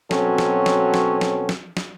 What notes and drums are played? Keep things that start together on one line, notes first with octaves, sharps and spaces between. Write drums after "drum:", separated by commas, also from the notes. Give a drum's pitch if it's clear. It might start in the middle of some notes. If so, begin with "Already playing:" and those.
B2 F#3 C4 C#4 A4, drum: snare
drum: snare
drum: snare
drum: snare
drum: snare
drum: snare
drum: snare